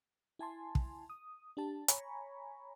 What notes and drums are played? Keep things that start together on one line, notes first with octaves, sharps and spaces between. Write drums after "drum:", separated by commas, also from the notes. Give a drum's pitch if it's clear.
E4 G#5 A5 C6
drum: kick
D#6
D4 G4 A5
C#5 G#5 A#5 B5 C#6, drum: hi-hat